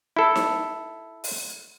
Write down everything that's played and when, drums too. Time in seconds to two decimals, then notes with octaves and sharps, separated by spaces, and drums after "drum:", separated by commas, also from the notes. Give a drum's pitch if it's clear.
0.16 E4 A4
0.36 drum: snare D#4
1.24 drum: open hi-hat